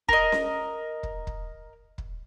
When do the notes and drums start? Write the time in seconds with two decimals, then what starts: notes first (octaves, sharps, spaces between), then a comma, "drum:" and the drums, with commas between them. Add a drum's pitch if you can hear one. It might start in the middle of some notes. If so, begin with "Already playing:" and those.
0.09 A#4 D#5, drum: kick
0.32 drum: snare C#4
1.03 drum: kick
1.27 drum: kick
1.98 drum: kick